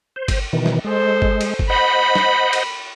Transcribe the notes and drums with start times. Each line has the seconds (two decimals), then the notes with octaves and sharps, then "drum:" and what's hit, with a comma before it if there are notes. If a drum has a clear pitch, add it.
0.16 C5
0.28 drum: kick G1, cymbal
0.53 B2 D#3 E3
0.66 drum: snare
0.84 G#3 A4 C5
1.22 drum: kick G1
1.41 drum: cymbal
1.59 drum: kick G1
1.70 C5 D#5 F#5 B5
2.15 drum: snare
2.53 drum: cymbal